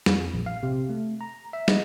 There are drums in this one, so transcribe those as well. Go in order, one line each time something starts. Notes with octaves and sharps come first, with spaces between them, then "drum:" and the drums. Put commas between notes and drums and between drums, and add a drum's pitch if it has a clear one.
F2, drum: snare
A#1
F5
C3
A3
A#5
E5
D#5, drum: snare